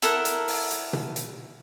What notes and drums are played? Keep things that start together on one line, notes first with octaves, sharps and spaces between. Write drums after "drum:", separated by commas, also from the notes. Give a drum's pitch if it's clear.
E4 A4 A#4 F#5, drum: hi-hat
drum: hi-hat
drum: open hi-hat
drum: hi-hat
drum: tom B2
drum: hi-hat